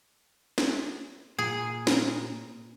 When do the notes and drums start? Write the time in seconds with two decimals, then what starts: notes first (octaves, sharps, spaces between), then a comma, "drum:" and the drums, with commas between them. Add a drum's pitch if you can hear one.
0.58 drum: snare
1.39 A#2 G#4
1.87 drum: snare